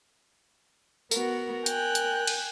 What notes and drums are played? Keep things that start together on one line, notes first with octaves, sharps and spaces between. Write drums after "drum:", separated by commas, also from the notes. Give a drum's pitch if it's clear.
B3 F#4 A#4, drum: tambourine
G5 G#5 F#6, drum: hi-hat
drum: hi-hat
drum: cymbal